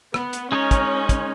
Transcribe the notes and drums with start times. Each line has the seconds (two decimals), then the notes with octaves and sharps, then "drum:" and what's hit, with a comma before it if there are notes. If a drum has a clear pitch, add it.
0.14 B3, drum: rim click
0.33 drum: hi-hat
0.52 G#3 C#4 D#4 A#4 C#5
0.71 drum: kick, hi-hat
1.09 drum: kick, hi-hat